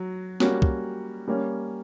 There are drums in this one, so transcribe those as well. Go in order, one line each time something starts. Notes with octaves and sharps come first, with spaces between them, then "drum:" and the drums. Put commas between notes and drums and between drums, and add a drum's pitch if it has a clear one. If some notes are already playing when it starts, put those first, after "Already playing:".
Already playing: F#3 F#4
G3 A#3 C#4 F#4, drum: snare
drum: kick
G3 A#3 C#4